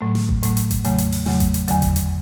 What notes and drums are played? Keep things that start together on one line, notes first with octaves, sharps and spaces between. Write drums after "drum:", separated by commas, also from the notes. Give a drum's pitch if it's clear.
A2 F#3 A3
drum: snare
drum: kick G#1
A2 F#3 A3, drum: hi-hat
drum: hi-hat
drum: kick G#1, hi-hat
E2 C#3 F#3 A3, drum: hi-hat
drum: hi-hat
drum: open hi-hat
E2 C#3 F#3 A3, drum: snare
drum: kick G#1, hi-hat
drum: hi-hat
E2 D3 F#3, drum: hi-hat
drum: kick G#1, hi-hat
drum: hi-hat